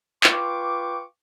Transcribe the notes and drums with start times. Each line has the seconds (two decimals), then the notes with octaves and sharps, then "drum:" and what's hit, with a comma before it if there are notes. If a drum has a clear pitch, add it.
0.24 F4 B4 G5 C#6 D6, drum: clap